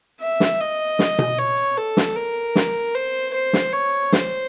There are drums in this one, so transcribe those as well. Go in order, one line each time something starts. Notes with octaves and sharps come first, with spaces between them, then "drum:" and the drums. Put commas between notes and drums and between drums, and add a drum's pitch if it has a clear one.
E5
drum: snare
D#5
drum: snare
drum: tom B2
C#5
A4
drum: snare
A#4
drum: snare
C5
C5
drum: snare
C#5
C5, drum: snare